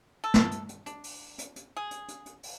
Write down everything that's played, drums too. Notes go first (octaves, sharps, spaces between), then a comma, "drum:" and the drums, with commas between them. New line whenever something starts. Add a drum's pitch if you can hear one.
A4
drum: snare
drum: hi-hat
drum: hi-hat
D4, drum: hi-hat
drum: open hi-hat
drum: hi-hat
drum: hi-hat
G#4
drum: hi-hat
drum: hi-hat
drum: hi-hat
drum: open hi-hat